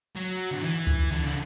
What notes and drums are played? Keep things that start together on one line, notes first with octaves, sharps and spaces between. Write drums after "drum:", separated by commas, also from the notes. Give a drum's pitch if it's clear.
F#3, drum: hi-hat
D3
E3, drum: hi-hat
drum: tom C#2
D3, drum: hi-hat
C#3